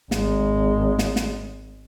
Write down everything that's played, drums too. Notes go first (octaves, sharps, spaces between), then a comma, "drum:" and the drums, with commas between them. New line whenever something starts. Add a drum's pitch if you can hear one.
G#1 G#3, drum: snare
drum: snare
drum: snare